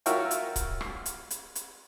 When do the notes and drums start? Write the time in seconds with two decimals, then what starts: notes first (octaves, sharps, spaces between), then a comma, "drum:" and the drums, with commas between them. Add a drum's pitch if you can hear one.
0.06 F4 F#4 A#4 C#5 E5 G5, drum: hi-hat
0.31 drum: hi-hat
0.56 drum: kick C#1, hi-hat
0.81 drum: rim click
1.06 drum: hi-hat
1.31 drum: hi-hat
1.55 drum: hi-hat